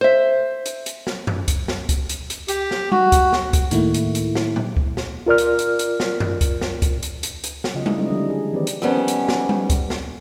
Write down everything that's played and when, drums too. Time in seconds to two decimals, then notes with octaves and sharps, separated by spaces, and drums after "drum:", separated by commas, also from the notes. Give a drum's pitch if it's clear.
0.01 C5 E5
0.66 drum: hi-hat
0.86 drum: hi-hat
1.07 drum: snare
1.27 drum: tom F#2
1.48 drum: kick C#2, hi-hat
1.68 drum: snare
1.89 drum: kick C#2, hi-hat
2.09 drum: hi-hat
2.30 drum: hi-hat
2.48 G4, drum: hi-hat
2.71 drum: snare
2.92 F#4, drum: tom G3
3.12 drum: kick C#2, hi-hat
3.33 drum: snare
3.53 drum: kick C#2, hi-hat
3.71 A2 D#3 A3 A#3 E4, drum: hi-hat
3.94 drum: hi-hat
4.15 drum: hi-hat
4.35 drum: snare
4.56 drum: tom A#2
4.77 drum: kick C#2
4.97 drum: snare
5.26 F4 A#4 D5 F6
5.38 drum: hi-hat
5.59 drum: hi-hat
5.79 drum: hi-hat
6.00 drum: snare
6.20 drum: tom F#2
6.41 drum: kick C#2, hi-hat
6.61 drum: snare
6.82 drum: kick C#2, hi-hat
7.03 drum: hi-hat
7.23 drum: hi-hat
7.44 drum: hi-hat
7.64 drum: snare
7.75 C#3 F#3 F4 D#5
7.86 G3 A3 D#4 E4, drum: tom G3
7.98 G#3 C4 D4 E4 G4 D#5
8.10 D3 F3 G3 D4 E4
8.30 G#4
8.53 D#3 E3 C4 G4 B4 D5
8.67 drum: hi-hat
8.82 F2 D#3 G3 B3 C#4
9.08 drum: hi-hat
9.29 drum: snare
9.49 drum: tom G3
9.70 drum: kick C#2, hi-hat
9.90 drum: snare